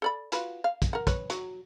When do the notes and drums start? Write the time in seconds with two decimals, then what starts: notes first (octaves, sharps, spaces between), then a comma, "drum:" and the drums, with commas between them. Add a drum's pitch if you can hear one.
0.02 A4 D5 B5
0.32 F4 F#4 B4, drum: hi-hat
0.64 F5
0.82 drum: kick, hi-hat
0.93 A#4 F#5
1.07 B4 C#5, drum: kick, hi-hat
1.30 F#3, drum: hi-hat